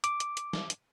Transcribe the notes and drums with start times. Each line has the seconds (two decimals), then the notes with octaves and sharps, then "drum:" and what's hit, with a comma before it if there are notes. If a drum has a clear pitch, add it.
0.04 D6, drum: hi-hat
0.20 drum: hi-hat
0.37 drum: hi-hat
0.53 drum: snare
0.70 drum: hi-hat